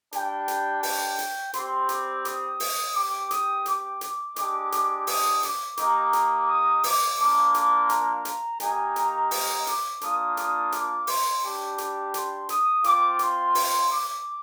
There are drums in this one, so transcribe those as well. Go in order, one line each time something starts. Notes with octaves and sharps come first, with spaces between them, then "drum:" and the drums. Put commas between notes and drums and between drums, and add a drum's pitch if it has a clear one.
G3 D4 G4 G5, drum: hi-hat
drum: hi-hat
G5, drum: open hi-hat
drum: hi-hat
G3 C4 G4 C6, drum: hi-hat
D6, drum: hi-hat
D#6, drum: hi-hat
drum: open hi-hat
C4 G4 D6
D#6, drum: hi-hat
D6, drum: hi-hat
D6, drum: hi-hat
G#3 D4 G4 D6, drum: hi-hat
D6, drum: hi-hat
D#6, drum: open hi-hat
D6, drum: hi-hat
A#3 D#4 G4 D6, drum: hi-hat
drum: hi-hat
D#6
D6, drum: open hi-hat
A#3 D4 F4 D6
D6, drum: hi-hat
A#5, drum: hi-hat
drum: hi-hat
A#3 D#4 G4 G#5, drum: hi-hat
A#5, drum: hi-hat
drum: open hi-hat
D6, drum: hi-hat
A#3 D4 F4 D#6, drum: hi-hat
D#6, drum: hi-hat
D6, drum: hi-hat
C6, drum: open hi-hat
G3 D4 G4 D6
D6, drum: hi-hat
C6, drum: hi-hat
D#6, drum: hi-hat
C4 F4 D6, drum: hi-hat
C6, drum: hi-hat
drum: open hi-hat
D6